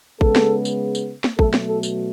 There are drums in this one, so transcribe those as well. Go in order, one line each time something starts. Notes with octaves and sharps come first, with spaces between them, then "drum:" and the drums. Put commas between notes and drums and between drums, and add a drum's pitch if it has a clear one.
C#3 G#3 B3 A4, drum: kick
drum: snare
drum: tambourine
drum: tambourine
drum: snare
B2 F#3 A3 A4, drum: kick
drum: snare
A4
drum: tambourine